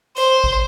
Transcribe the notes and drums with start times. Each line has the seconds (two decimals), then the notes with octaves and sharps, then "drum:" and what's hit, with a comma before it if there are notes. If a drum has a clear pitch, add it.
0.16 C5, drum: hi-hat
0.44 drum: kick G#1